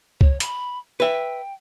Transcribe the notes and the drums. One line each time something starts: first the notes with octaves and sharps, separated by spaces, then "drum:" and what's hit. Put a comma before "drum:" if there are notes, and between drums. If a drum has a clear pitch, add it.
C#5, drum: kick C#2
B5, drum: hi-hat
B4 E5 G5